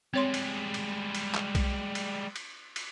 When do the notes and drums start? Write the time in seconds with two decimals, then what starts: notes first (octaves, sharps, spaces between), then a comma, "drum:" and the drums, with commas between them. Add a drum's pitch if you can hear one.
0.14 G3 G#3 C4 C#5 C6
0.34 drum: cymbal
0.74 drum: cymbal
1.15 drum: cymbal
1.35 drum: clap
1.55 drum: kick B1, cymbal
1.95 drum: cymbal
2.36 drum: cymbal
2.76 drum: cymbal